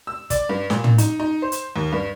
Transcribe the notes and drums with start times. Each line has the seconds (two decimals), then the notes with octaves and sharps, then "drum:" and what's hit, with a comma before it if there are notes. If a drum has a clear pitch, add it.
0.07 E6
0.30 D5, drum: kick, hi-hat
0.49 G2
0.70 A#2, drum: snare
0.84 drum: tom
0.98 D#4, drum: hi-hat
1.20 D#4
1.42 C5
1.52 drum: hi-hat
1.76 D#2
1.92 G2